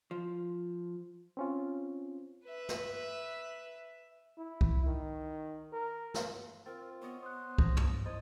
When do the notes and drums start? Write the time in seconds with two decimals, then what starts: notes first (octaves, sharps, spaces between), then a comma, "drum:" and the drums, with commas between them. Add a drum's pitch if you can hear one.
0.11 F3
1.37 C4 C#4 F4
2.45 B4 E5
2.69 drum: snare
4.38 E4
4.61 drum: kick C2
4.86 D#3
5.73 A#4
6.14 drum: snare
6.66 C4 F4 A#4 A6
7.02 B3 C#5 D#5
7.22 C5 D#6 F#6
7.58 D#6 G6 A#6, drum: kick C2
7.77 drum: tom
8.06 E4 C5 D#5 G#6 A6